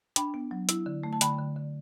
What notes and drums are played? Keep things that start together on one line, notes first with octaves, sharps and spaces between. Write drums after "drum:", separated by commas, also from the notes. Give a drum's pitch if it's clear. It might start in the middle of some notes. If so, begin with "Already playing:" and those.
D4 G5 B5, drum: hi-hat
B3
F#3
E4, drum: hi-hat
D3
A3
A5
D3 G5 B5, drum: hi-hat
D3
D3